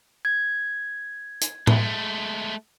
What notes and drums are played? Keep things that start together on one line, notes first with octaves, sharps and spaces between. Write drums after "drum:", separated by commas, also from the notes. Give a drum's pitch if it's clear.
G#6
drum: hi-hat
G#3 A3, drum: tom A2